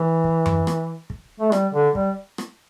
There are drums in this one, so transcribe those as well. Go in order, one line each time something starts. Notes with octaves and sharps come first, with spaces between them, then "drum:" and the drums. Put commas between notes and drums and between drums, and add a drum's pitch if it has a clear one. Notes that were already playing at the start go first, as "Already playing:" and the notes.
Already playing: E3
drum: kick
drum: tom F#2
drum: rim click
drum: kick
A3
G3, drum: rim click
D3
G3, drum: kick
drum: rim click